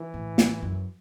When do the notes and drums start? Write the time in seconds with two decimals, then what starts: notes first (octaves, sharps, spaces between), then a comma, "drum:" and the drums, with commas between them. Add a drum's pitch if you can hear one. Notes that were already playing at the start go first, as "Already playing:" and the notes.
Already playing: E3
0.14 A2
0.38 A2, drum: snare
0.63 F#2